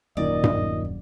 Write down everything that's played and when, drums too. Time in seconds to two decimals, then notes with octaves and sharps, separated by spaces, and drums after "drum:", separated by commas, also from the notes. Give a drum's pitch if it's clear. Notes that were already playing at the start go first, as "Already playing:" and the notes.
0.17 D#1 F#2 A#2 D#3 D5 D#5
0.43 drum: tom G2